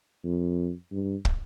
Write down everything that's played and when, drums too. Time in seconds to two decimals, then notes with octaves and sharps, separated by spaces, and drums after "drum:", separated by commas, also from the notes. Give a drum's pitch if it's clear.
0.24 F2
0.92 G2
1.25 drum: kick